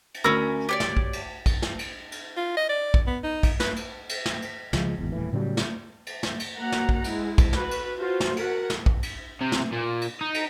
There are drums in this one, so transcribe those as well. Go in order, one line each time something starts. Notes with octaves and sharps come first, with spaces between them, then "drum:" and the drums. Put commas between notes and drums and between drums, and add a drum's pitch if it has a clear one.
drum: cymbal
D2 C#4 A#4 B5 E6
G4 C#5 D5
drum: snare
drum: kick A#1
drum: cymbal
drum: kick A#1, cymbal
drum: snare
drum: cymbal
drum: cymbal
F4
D#5
D5
drum: kick A#1
B3
D#4
drum: kick A#1, cymbal
B4, drum: snare
drum: cymbal
drum: cymbal
drum: snare
drum: cymbal
C#2 F3 G#3, drum: snare
G#1 E2
D#1 A2 E3
A2 C#3 F#3 G3
drum: snare
drum: cymbal
drum: snare
drum: cymbal
F#3 A#3 F#5 A#5
drum: snare
drum: kick A#1
G#3 E4, drum: cymbal
drum: kick A#1, cymbal
F#4 B4, drum: snare
drum: cymbal
F4 F#4 C5
drum: snare
F#4 A#4 F#5, drum: cymbal
drum: snare
drum: kick A#1
drum: cymbal
C3
drum: snare
A#2
drum: cymbal
D#4
drum: cymbal